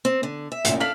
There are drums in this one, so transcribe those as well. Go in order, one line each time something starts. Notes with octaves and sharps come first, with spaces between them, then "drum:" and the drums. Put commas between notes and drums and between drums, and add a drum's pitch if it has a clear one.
C4
D3
E5
A1 A#2, drum: hi-hat
D4 A4 F5 F6 B6 F#7